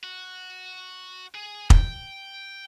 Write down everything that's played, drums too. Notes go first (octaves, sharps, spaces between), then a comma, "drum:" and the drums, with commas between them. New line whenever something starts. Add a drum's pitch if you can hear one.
F#4
G#4
G5, drum: kick